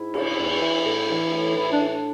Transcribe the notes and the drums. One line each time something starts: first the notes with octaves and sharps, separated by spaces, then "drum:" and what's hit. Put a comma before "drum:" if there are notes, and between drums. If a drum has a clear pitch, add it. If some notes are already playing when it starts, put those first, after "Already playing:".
Already playing: G#2 E4
C#3, drum: cymbal
E2
E3
A2
E3
A2
E3 E4
D4
A2
D4